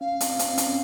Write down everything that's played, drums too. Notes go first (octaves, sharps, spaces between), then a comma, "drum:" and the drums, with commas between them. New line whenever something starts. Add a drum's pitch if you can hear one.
C#4 F5
C4, drum: hi-hat
C4, drum: hi-hat
C#4, drum: hi-hat